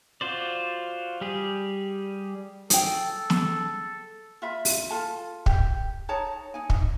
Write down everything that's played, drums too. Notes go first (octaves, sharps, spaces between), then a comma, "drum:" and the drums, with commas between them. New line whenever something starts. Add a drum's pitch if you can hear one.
F4 F#4 C5 D5
G3 G4 G#4
G#4 A4 G5, drum: hi-hat
drum: snare
F4 E5 B5
drum: open hi-hat
F4 A4 A5
G4, drum: kick
D#4 C#5 A5 A#5
D#4 G#5
D#4 D#5, drum: kick